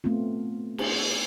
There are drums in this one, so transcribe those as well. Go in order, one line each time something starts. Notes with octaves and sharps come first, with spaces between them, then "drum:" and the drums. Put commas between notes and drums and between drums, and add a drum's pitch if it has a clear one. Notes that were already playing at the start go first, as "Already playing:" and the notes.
A3 B3 C4 F4
drum: cymbal